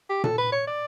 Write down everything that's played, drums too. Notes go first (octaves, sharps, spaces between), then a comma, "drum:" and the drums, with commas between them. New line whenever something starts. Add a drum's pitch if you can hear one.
G4
A4, drum: tom A#2
B4
C#5
D5